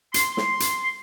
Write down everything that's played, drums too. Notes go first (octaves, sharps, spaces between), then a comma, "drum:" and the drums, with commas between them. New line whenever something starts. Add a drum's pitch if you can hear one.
C6, drum: hi-hat
drum: snare
drum: hi-hat